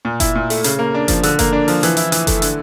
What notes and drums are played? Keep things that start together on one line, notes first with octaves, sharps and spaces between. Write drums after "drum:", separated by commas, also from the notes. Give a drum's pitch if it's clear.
A#2
E4, drum: kick F#1, hi-hat
A#2
A3, drum: open hi-hat
C#3, drum: hi-hat
A#3
D4
F3, drum: kick F#1, hi-hat
D3, drum: hi-hat
A#3, drum: kick F#1, hi-hat
D4
F3, drum: open hi-hat
E3, drum: hi-hat
E4, drum: hi-hat
E3, drum: hi-hat
A3, drum: kick F#1, hi-hat
D3, drum: hi-hat